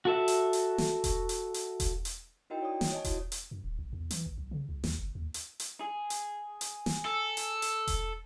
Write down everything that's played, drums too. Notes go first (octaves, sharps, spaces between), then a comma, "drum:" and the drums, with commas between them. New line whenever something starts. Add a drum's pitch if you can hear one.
F#4 A4 E5
drum: hi-hat
drum: hi-hat
drum: snare
drum: kick E1, hi-hat
drum: hi-hat
drum: hi-hat
drum: kick E1, hi-hat
drum: hi-hat
D#4 E4 F#4 A#4 D#5 G5
C#5 D5 D#6
drum: snare
C#5 D#5 G#5 A5
E4 F#4, drum: kick E1, hi-hat
drum: hi-hat
F#2
D1
A#1
E2
E3, drum: hi-hat
A1
B1
C#3
C2
D#2, drum: snare
F#1
D#2
drum: hi-hat
drum: hi-hat
G#4
drum: hi-hat
drum: hi-hat
drum: snare
A4 E6
drum: hi-hat
drum: hi-hat
drum: kick E1, hi-hat